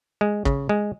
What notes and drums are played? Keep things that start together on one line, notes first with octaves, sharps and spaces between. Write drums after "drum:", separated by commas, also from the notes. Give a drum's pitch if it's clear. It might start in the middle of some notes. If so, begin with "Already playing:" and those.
G#3
C#3, drum: kick
G#3